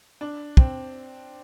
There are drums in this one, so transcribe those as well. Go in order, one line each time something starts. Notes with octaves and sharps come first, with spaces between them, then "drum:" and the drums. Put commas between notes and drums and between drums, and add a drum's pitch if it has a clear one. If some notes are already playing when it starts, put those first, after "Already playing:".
D4
C4, drum: kick